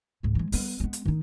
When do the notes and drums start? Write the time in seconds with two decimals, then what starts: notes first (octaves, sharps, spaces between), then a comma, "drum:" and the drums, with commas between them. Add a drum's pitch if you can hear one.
0.23 C#2 G#2
0.35 E3 G#3
0.52 G3 B3, drum: open hi-hat
0.80 G#3 B3
0.93 drum: hi-hat
1.06 D#3 D#4